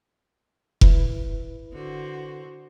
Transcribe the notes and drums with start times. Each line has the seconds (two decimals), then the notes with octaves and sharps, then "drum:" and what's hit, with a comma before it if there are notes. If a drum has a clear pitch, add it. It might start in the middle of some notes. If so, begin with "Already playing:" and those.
0.81 E4 B4, drum: kick F1
1.73 D3 F#4 C5